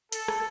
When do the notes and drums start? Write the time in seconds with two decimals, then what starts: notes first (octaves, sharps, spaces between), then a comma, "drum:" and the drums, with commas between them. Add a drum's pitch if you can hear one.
0.12 A4, drum: hi-hat
0.28 drum: rim click